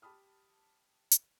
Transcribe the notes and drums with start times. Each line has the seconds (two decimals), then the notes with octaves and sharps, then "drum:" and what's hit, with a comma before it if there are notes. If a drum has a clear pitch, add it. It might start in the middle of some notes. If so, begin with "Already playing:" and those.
0.02 G4 A5 B5 D#6 F6
1.11 drum: hi-hat